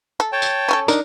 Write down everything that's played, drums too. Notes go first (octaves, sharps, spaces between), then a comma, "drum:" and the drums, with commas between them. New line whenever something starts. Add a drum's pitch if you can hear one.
A4
C#5 G5 A5
drum: tambourine
C#4 G#4 A4
D4 D#4 A#4, drum: tambourine